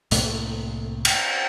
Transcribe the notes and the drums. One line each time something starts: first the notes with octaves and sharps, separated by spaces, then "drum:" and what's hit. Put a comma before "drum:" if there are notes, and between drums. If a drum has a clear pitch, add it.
C2 A2 A3 A#3, drum: hi-hat
drum: cymbal